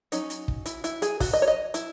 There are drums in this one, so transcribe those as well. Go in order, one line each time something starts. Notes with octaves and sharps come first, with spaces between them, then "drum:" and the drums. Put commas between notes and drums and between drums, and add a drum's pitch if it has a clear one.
F#3 C#4 D#4, drum: hi-hat
drum: hi-hat
drum: kick
E4, drum: hi-hat
E4, drum: hi-hat
G#4, drum: hi-hat
F#4, drum: kick, open hi-hat
D#5
C#5
D#5
E4, drum: hi-hat